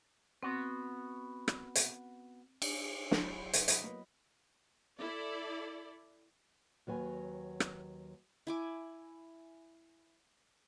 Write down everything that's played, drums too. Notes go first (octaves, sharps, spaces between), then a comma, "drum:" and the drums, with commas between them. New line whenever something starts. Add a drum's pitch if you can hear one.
B3 C4 F#4
drum: rim click
drum: hi-hat
drum: cymbal
F#3 E4, drum: snare
B5 G6
B4, drum: hi-hat
D#5 B5, drum: hi-hat
A#3 B3
E4 A4 D5
D#2 F#3 B4 G#5
drum: rim click
E4 G#5 D6